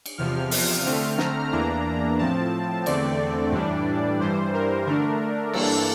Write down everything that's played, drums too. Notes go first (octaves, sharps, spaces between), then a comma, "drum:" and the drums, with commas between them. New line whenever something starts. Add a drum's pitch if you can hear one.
drum: cymbal
E2 C3 F3 F6
drum: open hi-hat
D3 A3 C4 F6
A#5, drum: snare
E2 E3 A#3 D4 A#5
A2 F3 C4 A5
E2 D3 A3 C4 D5, drum: cymbal
A2 E3 G3 D4, drum: tom
G2 E3 G3 C5
A#4
D3 A3 D4 A#4
G2 E3 A#3 D4 A4, drum: cymbal